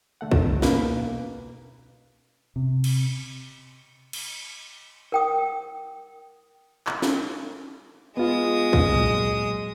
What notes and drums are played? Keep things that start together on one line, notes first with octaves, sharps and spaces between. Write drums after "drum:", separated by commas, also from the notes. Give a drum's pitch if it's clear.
D3 A3 F#5
drum: kick
B2 A#3 B4, drum: snare
C3
drum: cymbal
drum: cymbal
A#4 G5 D#6
drum: clap
drum: snare
G#3 B3 F4 D#6
drum: kick
A#2 F#3